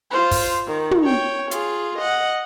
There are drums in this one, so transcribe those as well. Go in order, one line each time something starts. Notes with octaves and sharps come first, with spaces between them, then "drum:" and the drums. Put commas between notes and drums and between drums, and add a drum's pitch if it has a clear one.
F4 C5
drum: kick, open hi-hat
D#3
drum: tom
C#5 G5
F4 G#4, drum: hi-hat
D#5 F#5